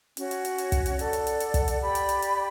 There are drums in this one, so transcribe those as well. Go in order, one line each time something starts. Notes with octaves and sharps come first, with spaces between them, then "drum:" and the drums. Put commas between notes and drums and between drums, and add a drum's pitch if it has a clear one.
C#4 F#4 C#5, drum: hi-hat
drum: hi-hat
drum: hi-hat
drum: hi-hat
drum: kick, hi-hat
drum: hi-hat
A4 D5 F#5, drum: hi-hat
drum: hi-hat
drum: hi-hat
drum: hi-hat
drum: kick, hi-hat
drum: hi-hat
G4 D5 G5 B5
drum: hi-hat
drum: hi-hat
drum: hi-hat